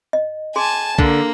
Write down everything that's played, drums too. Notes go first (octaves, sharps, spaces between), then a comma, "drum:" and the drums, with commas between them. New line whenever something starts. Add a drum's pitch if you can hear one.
D#5
G#4 G#5 A5 C6
D3 A#3, drum: kick